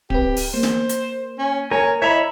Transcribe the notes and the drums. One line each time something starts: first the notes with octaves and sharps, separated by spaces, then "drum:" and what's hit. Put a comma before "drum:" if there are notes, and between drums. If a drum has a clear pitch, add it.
C4 G4 B4, drum: kick D1
drum: open hi-hat
A#3 C5
drum: snare
drum: hi-hat
C#4
A#4 C#5 G#5
E4 C#5 D#5 E5 A#5 B5